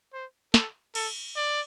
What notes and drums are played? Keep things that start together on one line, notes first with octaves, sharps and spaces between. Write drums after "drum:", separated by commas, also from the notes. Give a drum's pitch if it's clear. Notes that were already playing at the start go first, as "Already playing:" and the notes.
C5
A4, drum: snare
A4, drum: cymbal
D5